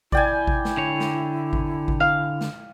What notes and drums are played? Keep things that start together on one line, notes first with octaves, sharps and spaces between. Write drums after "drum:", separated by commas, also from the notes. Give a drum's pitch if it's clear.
E4 D5 G5 G#5, drum: kick G#1
drum: kick G#1
drum: snare
D3 C#5
drum: snare
drum: kick G#1
drum: kick G#1
F5
drum: snare